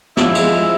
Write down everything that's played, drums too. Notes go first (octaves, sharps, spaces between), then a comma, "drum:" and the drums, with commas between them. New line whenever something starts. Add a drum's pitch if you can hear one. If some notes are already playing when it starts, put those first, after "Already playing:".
F3 E4, drum: snare
G#3, drum: cymbal
G#3